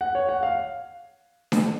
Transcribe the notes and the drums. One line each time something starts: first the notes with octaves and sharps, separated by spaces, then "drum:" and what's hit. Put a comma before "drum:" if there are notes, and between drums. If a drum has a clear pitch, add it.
F#5
C#5
F#5
F5
drum: snare D4